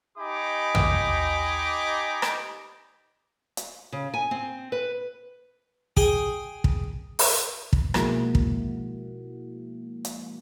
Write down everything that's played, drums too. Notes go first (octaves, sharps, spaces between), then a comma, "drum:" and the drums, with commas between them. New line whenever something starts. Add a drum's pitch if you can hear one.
D#4 G4 D#5 G#5 B5 D6
drum: tom
drum: rim click
drum: hi-hat
C#3
G#5
C4
B4
G#4 G5 G#5, drum: kick
drum: kick
drum: open hi-hat
drum: kick
B2 F3 G#3 A#3 E4 F#4, drum: rim click
drum: kick
drum: hi-hat